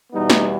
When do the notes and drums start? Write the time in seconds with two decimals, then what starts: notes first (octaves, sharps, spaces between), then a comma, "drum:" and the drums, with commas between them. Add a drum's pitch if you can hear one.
0.13 E2 B2 G3 B3 D#4
0.30 drum: snare